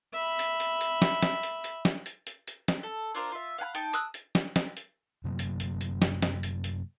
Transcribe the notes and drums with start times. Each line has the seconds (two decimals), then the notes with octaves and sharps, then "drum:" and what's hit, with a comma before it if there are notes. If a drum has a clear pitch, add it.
0.13 E5 B5
0.39 drum: hi-hat
0.60 drum: hi-hat
0.81 drum: hi-hat
1.02 drum: snare
1.23 drum: snare
1.43 drum: hi-hat
1.64 drum: hi-hat
1.85 drum: snare
2.06 drum: hi-hat
2.27 drum: hi-hat
2.48 drum: hi-hat
2.68 drum: snare
2.83 A4
3.15 D4 F4 A#4 C5
3.32 F4 E5
3.58 F5 F#5 G#5 B5
3.75 D#4 G5 A5, drum: hi-hat
3.93 D#6 E6 F#6, drum: hi-hat
4.14 drum: hi-hat
4.35 drum: snare
4.56 drum: snare
4.77 drum: hi-hat
5.24 F#2 C3 F#3 A#3
5.39 drum: hi-hat
5.60 drum: hi-hat
5.81 drum: hi-hat
6.02 drum: snare
6.22 drum: snare
6.43 drum: hi-hat
6.64 drum: hi-hat